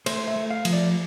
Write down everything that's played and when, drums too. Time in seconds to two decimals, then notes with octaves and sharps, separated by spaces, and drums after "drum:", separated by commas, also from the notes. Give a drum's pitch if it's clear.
0.06 A3 C5, drum: cymbal
0.28 E5
0.36 A3
0.51 F5
0.65 F3, drum: cymbal
0.73 D5